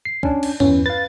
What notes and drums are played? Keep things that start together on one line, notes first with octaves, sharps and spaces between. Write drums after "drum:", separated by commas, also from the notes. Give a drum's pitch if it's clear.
C7
C#4 D4, drum: kick
drum: cymbal
E2 E3 C#4, drum: tom G2
B4 F5 A6